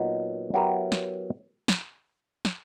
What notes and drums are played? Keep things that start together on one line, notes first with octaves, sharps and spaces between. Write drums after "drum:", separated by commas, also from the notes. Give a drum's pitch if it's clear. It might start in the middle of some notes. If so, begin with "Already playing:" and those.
Already playing: A#2 F#3 B3 D#4
F#3 B3 E4 G4 A#4
drum: snare
drum: snare
drum: snare